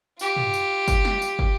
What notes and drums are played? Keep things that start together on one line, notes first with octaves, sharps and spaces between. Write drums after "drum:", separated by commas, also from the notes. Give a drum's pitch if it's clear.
F4 G4, drum: tambourine
drum: tom
drum: tambourine
drum: kick, tambourine
drum: snare
drum: tambourine
drum: kick